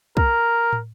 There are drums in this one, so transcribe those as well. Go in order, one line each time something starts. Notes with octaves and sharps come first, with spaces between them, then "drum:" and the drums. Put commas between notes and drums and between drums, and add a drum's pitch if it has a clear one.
A#4, drum: kick
drum: tom